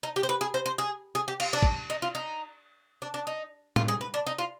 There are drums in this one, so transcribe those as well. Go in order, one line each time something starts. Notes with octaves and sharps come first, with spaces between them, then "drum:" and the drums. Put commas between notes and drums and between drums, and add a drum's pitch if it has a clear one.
D#4
G4
C5
B4
G#4
C5
C5
G#4
G#4
G4
F4, drum: cymbal
D4
drum: kick
D#4
F4
D#4
D4
D4
D#4
F4, drum: tom A2
G#4
B4
D4
D#4
F4